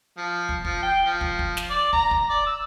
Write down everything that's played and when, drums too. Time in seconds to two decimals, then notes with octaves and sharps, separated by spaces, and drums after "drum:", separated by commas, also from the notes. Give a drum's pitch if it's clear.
0.17 F3
0.49 drum: kick
0.65 F3, drum: kick
0.82 G5
1.05 F3
1.21 drum: kick
1.39 drum: kick
1.57 drum: snare
1.70 D5
1.93 A#5, drum: kick
2.11 drum: kick
2.29 D5
2.46 E6